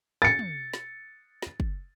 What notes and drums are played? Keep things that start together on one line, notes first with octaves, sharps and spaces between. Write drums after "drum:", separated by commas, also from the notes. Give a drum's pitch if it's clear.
A6 C#7
drum: tom
drum: snare
drum: snare
drum: kick